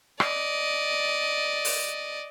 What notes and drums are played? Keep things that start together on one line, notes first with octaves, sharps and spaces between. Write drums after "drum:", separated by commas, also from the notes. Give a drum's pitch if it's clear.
D5 D#5, drum: rim click
drum: open hi-hat